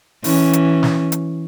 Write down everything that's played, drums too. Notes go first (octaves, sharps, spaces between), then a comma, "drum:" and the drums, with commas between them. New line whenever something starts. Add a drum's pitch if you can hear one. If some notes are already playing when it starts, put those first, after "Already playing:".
E3 C#4, drum: open hi-hat
drum: hi-hat
drum: snare
drum: hi-hat